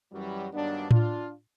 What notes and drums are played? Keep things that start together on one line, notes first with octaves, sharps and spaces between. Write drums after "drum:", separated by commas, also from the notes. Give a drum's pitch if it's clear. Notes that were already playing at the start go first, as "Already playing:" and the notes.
F#2 E3 F#3 G3
G2 D#3 F#3 A#3 B3 D4
D4 F4, drum: tom A2